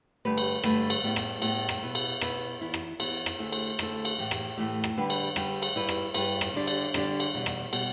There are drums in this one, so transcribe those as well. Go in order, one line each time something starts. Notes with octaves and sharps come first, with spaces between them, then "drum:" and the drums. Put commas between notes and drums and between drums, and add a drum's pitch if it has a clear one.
G2 D3 A3 G4 B4
drum: cymbal
G2 D3 A3 G4 B4, drum: rim click
drum: cymbal
A2 G3 B3
drum: rim click
A2 G3 B3, drum: cymbal
drum: rim click
B2 B3 E4 B4
drum: cymbal
B2 B3 E4 B4, drum: rim click
E2 E3 B3 E4
drum: rim click
E2 E3 B3 E4, drum: cymbal
drum: rim click
D2 D3 A3 E4 A4
drum: cymbal
D2 D3 A3 E4 A4, drum: rim click
drum: cymbal
A2 E3 A3 G4
drum: rim click
A2 E3 A3 G4
drum: rim click
D3 G3 D4 G4 B4
drum: cymbal
D3 G3 D4 G4 B4, drum: rim click
drum: cymbal
G2 G3 E4 B4
drum: rim click
G2 G3 E4 B4, drum: cymbal
drum: rim click
D3 G3 D4 G4
drum: cymbal
D3 G3 D4 G4, drum: rim click
drum: cymbal
E2 B2 G3
drum: rim click
B2 G3, drum: cymbal